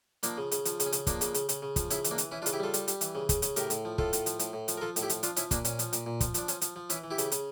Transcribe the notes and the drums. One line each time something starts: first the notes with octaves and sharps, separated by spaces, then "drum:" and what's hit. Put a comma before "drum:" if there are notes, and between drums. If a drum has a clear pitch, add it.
F3 A#3 D4, drum: hi-hat
C#3
C#3, drum: hi-hat
F3, drum: hi-hat
C#3, drum: hi-hat
C#4
C#3, drum: hi-hat
F3 A#3 D4, drum: kick, hi-hat
C#3, drum: hi-hat
C#3, drum: hi-hat
C#3, drum: hi-hat
C#3
F3, drum: kick, hi-hat
C#3 C#4 E4, drum: hi-hat
E3, drum: hi-hat
A#3 D4
E3, drum: hi-hat
E3 C#4 E4
D4 F4
C#3, drum: hi-hat
E4 G4
G3 F4 A4
G3, drum: hi-hat
G3, drum: hi-hat
E3, drum: hi-hat
C#3
C#3, drum: kick, hi-hat
C#3, drum: hi-hat
A2 G4 A#4, drum: hi-hat
A2, drum: hi-hat
F3
A2 F4 A4, drum: kick
A2, drum: hi-hat
F3, drum: hi-hat
A2, drum: hi-hat
A2
F3, drum: hi-hat
A#4
F3 F4 A4
A2, drum: hi-hat
E4 G4
F3, drum: hi-hat
F3 D4 F4, drum: hi-hat
F3 C#4 E4, drum: hi-hat
A#2 A#3 D4, drum: kick, hi-hat
A#2 C#4, drum: hi-hat
F3, drum: hi-hat
A#2, drum: hi-hat
A#2
F3, drum: kick, hi-hat
F3 D4, drum: hi-hat
F3 C#4, drum: hi-hat
F3, drum: hi-hat
F3
E3 C#4 E4, drum: hi-hat
E3
E4 G4
C#3, drum: hi-hat
C#3, drum: hi-hat